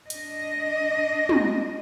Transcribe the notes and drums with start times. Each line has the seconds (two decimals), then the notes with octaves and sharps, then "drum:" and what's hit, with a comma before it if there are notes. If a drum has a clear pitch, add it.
0.10 D4 D#5, drum: hi-hat
1.29 drum: tom